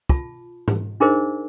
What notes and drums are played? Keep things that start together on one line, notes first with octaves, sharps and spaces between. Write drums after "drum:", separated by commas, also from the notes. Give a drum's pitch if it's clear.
F4 A5, drum: kick
drum: tom G#2
D4 D#4 G#4 A#4 C5 D#5